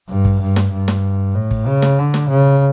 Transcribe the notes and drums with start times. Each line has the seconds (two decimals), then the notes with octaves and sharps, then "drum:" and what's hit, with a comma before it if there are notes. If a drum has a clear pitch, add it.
0.09 G2
0.25 drum: kick
0.41 G2
0.56 drum: snare
0.72 G2
0.88 drum: snare
1.35 A2
1.51 drum: kick
1.67 C#3
1.82 drum: snare
1.99 D3
2.14 drum: snare
2.29 C#3